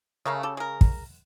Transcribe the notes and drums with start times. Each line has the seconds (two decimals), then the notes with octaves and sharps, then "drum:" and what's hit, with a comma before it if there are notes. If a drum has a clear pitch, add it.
0.26 C#3 A3 A#4 F5
0.43 G4 A4
0.57 G#3 A#4
0.81 drum: kick